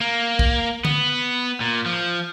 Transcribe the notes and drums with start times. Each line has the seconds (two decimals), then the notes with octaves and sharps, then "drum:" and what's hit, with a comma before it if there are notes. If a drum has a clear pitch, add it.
0.01 A#3
0.39 drum: kick
0.85 B3, drum: tom D3
1.60 A#2
1.86 F3